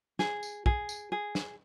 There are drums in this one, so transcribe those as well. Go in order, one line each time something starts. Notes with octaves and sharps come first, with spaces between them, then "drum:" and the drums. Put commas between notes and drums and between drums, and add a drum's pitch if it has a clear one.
G#4, drum: snare
drum: tambourine
G#4, drum: kick
drum: tambourine
G#4
drum: snare